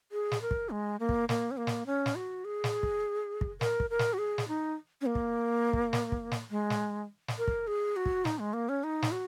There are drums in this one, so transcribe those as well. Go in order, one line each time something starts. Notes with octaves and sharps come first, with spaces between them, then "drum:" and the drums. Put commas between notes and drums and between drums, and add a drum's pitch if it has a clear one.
G#4
drum: snare
A#4
drum: kick
G#3
A#3
drum: kick
A#3, drum: snare
C#4
A#3
drum: snare
C#4
drum: snare
F#4
G#4
drum: snare
drum: kick
drum: kick
A#4, drum: snare
drum: kick
A#4
drum: snare
F#4
G#4
drum: snare
D#4
C#4
A#3
drum: kick
drum: kick
drum: snare
drum: kick
drum: snare
G#3
drum: snare
drum: snare
A#4
drum: kick
G#4
F#4
drum: kick
D#4, drum: snare
G#3
A#3
C#4
D#4
drum: snare
F#4